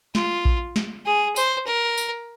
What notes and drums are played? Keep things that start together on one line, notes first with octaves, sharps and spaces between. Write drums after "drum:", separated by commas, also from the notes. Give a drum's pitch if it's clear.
F4, drum: snare
drum: kick A#1
drum: snare
G#4
C5, drum: tambourine
A#4
drum: tambourine